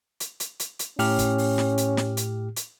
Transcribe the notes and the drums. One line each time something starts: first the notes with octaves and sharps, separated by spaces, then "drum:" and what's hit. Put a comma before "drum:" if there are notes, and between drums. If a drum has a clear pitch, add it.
drum: hi-hat
drum: hi-hat
drum: hi-hat
drum: hi-hat
A2 C#4 G4 F6, drum: open hi-hat
drum: kick, hi-hat
drum: open hi-hat
drum: snare
drum: hi-hat
drum: snare
drum: hi-hat
drum: hi-hat